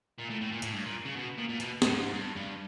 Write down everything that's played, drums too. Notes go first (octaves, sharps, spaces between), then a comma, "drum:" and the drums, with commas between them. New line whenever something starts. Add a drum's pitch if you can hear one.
A#2
A2
A2
A#2
A2, drum: hi-hat
G2
A#2
C#3
B2
A#2
A#2
B2, drum: hi-hat
A2, drum: snare
G#2
G2
G2